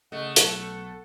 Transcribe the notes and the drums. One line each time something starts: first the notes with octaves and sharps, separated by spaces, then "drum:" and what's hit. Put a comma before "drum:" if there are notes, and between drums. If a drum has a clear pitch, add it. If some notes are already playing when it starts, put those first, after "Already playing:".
C#3 A3 D#5 F#5
B1 B3 A4, drum: hi-hat